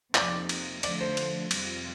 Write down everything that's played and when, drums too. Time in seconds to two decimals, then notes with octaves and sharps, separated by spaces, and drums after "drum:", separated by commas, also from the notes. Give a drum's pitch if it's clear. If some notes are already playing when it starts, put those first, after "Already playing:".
0.15 F2 C3 F3 A#3 D#4 D5, drum: clap
0.49 drum: cymbal
0.83 D3 F3 A3 D5, drum: cymbal
1.01 C5
1.17 drum: cymbal
1.51 F2 C3 G3 C4 F4, drum: cymbal